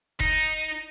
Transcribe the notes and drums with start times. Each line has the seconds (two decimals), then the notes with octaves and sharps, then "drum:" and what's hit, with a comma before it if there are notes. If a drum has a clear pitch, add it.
0.20 D#4, drum: kick F1